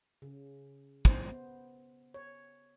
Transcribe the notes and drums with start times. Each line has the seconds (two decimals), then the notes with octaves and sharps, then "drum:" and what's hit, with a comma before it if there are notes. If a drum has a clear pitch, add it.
0.22 C#3
1.05 C5, drum: kick
1.32 B3
2.14 C#5